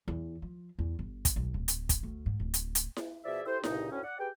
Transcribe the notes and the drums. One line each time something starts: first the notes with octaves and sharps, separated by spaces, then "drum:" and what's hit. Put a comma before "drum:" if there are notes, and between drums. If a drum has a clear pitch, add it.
E2
F3
E2
G1
drum: kick, hi-hat
B1
D1
drum: hi-hat
drum: kick, hi-hat
D2
G#2
D1
drum: hi-hat
drum: hi-hat
drum: snare E4
B2 F3 G#4 D5 E5
E4 G4 A4 C5
C2 G2 A#2 C#3 D#4, drum: snare E4
D2 A2 C#4
D5 F#5
G4 G#4 B4 G5